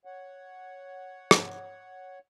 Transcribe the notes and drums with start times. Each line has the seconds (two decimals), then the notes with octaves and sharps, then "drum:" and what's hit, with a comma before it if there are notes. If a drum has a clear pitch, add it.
0.05 C#5 F#5
1.31 drum: rim click